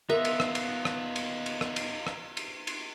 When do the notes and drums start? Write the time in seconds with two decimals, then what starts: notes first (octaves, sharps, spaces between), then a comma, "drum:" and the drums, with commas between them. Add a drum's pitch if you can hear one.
0.10 B3 D#4 F4 A#4 E5
0.25 drum: cymbal
0.40 drum: rim click
0.55 drum: cymbal
0.85 drum: rim click
1.16 drum: cymbal
1.46 drum: cymbal
1.61 drum: rim click
1.76 drum: cymbal
2.07 drum: rim click
2.37 drum: cymbal
2.67 drum: cymbal